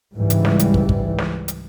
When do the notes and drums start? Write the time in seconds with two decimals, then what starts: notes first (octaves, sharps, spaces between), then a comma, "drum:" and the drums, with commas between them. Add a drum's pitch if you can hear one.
0.15 C#2 G#2 E3 G3
0.30 drum: hi-hat
0.45 drum: snare
0.59 drum: hi-hat
0.74 drum: kick
0.89 drum: kick
1.18 drum: snare
1.48 drum: hi-hat